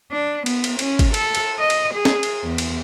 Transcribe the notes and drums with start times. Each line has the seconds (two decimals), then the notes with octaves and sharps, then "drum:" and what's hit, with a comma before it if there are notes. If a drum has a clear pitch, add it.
0.12 D4
0.46 B3, drum: cymbal
0.64 drum: cymbal
0.79 C#4, drum: cymbal
0.99 drum: kick, cymbal
1.14 A4, drum: cymbal
1.35 drum: cymbal
1.59 D#5
1.70 drum: cymbal
1.94 G#4
2.05 drum: snare
2.23 drum: cymbal
2.44 E2
2.58 drum: cymbal